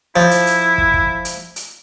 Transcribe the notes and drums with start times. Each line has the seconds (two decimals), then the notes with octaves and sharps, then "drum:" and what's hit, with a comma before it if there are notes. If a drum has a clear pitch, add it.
0.16 F3 E4
0.31 drum: hi-hat
0.47 drum: hi-hat
0.78 drum: kick
0.94 drum: kick
1.25 drum: hi-hat
1.56 drum: hi-hat